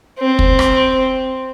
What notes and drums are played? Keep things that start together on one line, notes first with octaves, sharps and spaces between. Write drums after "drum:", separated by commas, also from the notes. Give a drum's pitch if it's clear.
C4
drum: kick
drum: rim click